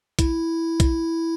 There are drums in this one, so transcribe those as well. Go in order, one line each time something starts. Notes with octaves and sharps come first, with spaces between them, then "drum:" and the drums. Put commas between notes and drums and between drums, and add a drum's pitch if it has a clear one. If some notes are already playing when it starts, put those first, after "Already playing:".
E4, drum: kick B1, hi-hat
drum: kick B1, hi-hat